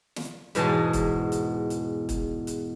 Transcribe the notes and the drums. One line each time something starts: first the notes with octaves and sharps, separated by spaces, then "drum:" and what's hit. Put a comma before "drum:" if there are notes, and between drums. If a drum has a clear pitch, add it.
drum: snare
E2 G#2 B2 G#3 G#5 A5, drum: hi-hat
drum: kick, hi-hat
drum: hi-hat
drum: hi-hat
drum: kick, hi-hat
drum: hi-hat